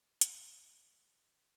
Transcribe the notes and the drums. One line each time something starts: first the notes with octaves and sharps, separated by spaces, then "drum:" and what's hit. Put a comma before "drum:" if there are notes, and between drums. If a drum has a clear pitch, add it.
B3 D4 E4 F4 A4 C5, drum: hi-hat